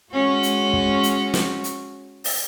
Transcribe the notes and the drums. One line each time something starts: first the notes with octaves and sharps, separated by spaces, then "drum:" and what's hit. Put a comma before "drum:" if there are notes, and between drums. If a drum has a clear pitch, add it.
G#3 C#4 F#4
drum: hi-hat
drum: kick
drum: hi-hat
drum: snare
drum: hi-hat
drum: open hi-hat